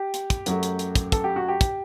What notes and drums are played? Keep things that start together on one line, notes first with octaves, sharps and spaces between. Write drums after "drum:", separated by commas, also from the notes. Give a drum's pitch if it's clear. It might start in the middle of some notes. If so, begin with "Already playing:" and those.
Already playing: G4
drum: hi-hat
drum: kick, hi-hat
F#2 F#3 A3, drum: hi-hat
drum: hi-hat
drum: hi-hat
drum: kick, hi-hat
A4, drum: kick, hi-hat
G4
F#4
G4
drum: kick, hi-hat